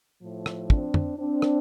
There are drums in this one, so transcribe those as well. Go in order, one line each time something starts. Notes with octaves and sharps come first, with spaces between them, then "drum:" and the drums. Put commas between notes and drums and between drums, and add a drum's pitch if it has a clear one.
A2 F3
drum: rim click
C4 D4, drum: kick
drum: tom
C4 D4
drum: rim click